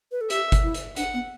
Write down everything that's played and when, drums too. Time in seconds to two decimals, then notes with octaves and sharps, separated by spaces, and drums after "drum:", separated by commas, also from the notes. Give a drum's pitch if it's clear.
0.12 B4
0.21 A4
0.30 G4 E5, drum: hi-hat
0.52 drum: kick G1, hi-hat
0.63 E4
0.74 drum: hi-hat
0.96 D4 F#5, drum: hi-hat
1.14 B3